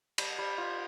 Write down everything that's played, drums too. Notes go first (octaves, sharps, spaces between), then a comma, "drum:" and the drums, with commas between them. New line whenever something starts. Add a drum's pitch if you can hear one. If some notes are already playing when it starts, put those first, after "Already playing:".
G3, drum: cymbal
G3
F4